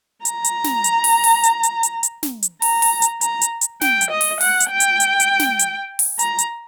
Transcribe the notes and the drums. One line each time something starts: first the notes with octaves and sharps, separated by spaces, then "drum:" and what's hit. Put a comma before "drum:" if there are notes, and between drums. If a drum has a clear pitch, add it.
A#5, drum: hi-hat
drum: hi-hat
drum: snare
drum: hi-hat
drum: open hi-hat
drum: open hi-hat
drum: hi-hat
drum: hi-hat
drum: hi-hat
drum: hi-hat
drum: snare
drum: hi-hat
A#5, drum: open hi-hat
drum: open hi-hat
drum: hi-hat
A#5, drum: hi-hat
drum: hi-hat
drum: hi-hat
G5, drum: snare
drum: hi-hat
D#5
drum: open hi-hat
F#5, drum: open hi-hat
drum: hi-hat
G5
drum: hi-hat
drum: hi-hat
drum: hi-hat
drum: snare
drum: hi-hat
drum: open hi-hat
A#5, drum: hi-hat
drum: hi-hat